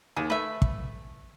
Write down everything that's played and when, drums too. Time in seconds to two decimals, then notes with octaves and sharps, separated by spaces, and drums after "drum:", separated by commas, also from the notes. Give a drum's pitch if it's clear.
0.16 D#2 G#4
0.30 A3 B4 E5
0.62 drum: kick